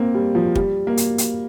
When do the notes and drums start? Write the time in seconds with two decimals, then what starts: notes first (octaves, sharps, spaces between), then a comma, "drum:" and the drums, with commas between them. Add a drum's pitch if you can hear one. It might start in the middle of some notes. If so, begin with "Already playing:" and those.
Already playing: A#3 C4
0.15 G3
0.35 F3
0.56 G3, drum: kick
0.87 A#3
0.97 drum: hi-hat
1.18 drum: hi-hat